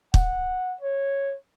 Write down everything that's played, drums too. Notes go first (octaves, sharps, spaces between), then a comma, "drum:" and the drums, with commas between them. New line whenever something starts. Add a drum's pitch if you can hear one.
F#5, drum: kick
C#5